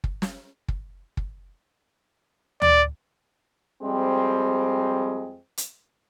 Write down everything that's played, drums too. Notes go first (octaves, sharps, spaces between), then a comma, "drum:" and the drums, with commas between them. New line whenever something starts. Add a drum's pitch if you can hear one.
drum: kick
drum: snare
drum: kick
drum: kick
D5, drum: tom D2
F2 G3 G#3 C4
drum: hi-hat